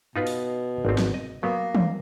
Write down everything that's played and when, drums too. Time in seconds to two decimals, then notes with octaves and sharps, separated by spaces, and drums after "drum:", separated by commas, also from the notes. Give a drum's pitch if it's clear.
0.16 B2 D#4 F4 B4
0.27 drum: open hi-hat
0.85 G#1 C4
0.98 drum: snare
1.14 D#5
1.43 F#3 A#3 B3
1.75 drum: tom